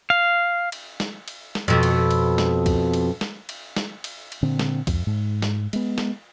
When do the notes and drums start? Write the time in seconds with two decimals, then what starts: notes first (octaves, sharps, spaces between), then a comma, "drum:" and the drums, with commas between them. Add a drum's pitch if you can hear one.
0.10 F5
0.72 drum: cymbal
1.00 drum: snare
1.28 drum: cymbal
1.55 drum: snare
1.68 F2 B2
1.83 drum: cymbal
2.11 drum: cymbal
2.38 drum: snare
2.66 drum: kick C#2, cymbal
2.94 drum: cymbal
3.21 drum: snare
3.49 drum: cymbal
3.76 drum: snare
4.04 drum: cymbal
4.32 drum: cymbal
4.43 A#2 D3 C4
4.59 drum: snare
4.87 F2, drum: kick C#2, cymbal
5.07 G#2
5.42 drum: snare
5.73 G#3 B3, drum: cymbal
5.98 drum: snare